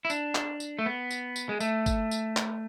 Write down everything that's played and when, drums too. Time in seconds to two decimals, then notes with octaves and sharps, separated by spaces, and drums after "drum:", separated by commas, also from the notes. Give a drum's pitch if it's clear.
0.05 E4
0.10 D4, drum: tambourine
0.35 drum: clap
0.60 drum: tambourine
0.79 A3
0.86 B3
1.11 drum: tambourine
1.36 drum: tambourine
1.49 G#3
1.61 A3, drum: tambourine
1.86 drum: kick, tambourine
2.11 drum: tambourine
2.37 drum: clap